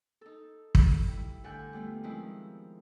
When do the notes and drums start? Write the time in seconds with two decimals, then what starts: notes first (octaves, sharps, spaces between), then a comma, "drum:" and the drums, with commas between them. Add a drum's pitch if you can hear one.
0.21 D#4 A4
0.75 drum: kick
1.08 G3 E4
1.44 D2 D3 A4 F#5 G#5 G6
1.73 G3 A3 B3 F4
2.03 D#3 F3 G#3 C4 D#4 E4